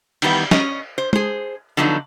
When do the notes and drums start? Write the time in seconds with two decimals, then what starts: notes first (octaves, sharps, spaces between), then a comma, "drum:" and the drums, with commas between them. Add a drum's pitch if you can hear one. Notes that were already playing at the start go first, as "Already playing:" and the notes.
0.22 D#3 E3 G3 B3, drum: cymbal
0.51 C#4 D#5, drum: snare
0.98 C5
1.13 G#4 C5, drum: tom
1.77 D3 F3 F#3 B3 D4 D#4